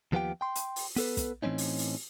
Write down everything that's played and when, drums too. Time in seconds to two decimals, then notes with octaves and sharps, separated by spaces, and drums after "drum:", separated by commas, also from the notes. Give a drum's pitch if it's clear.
0.12 D#2 F3 B3 F4 G4 G5
0.41 G5 C6
0.55 drum: hi-hat
0.76 drum: open hi-hat
0.96 B3 A4 B4, drum: open hi-hat
1.17 drum: kick, hi-hat
1.43 A2 E3 A3 C4 C#4 D#4
1.58 drum: open hi-hat
1.79 drum: open hi-hat